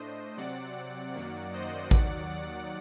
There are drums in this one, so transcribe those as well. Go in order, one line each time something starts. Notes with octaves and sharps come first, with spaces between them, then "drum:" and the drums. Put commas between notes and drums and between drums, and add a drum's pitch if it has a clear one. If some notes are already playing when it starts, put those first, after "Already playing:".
Already playing: A2 A3 D4 C5 D#5
C3 F#3 C4 D5 F#5
F#2 D#3 F#3 A#3
C5 D#5
D#2 D#3 F#3 D5 F#5, drum: kick A1
D5 F#5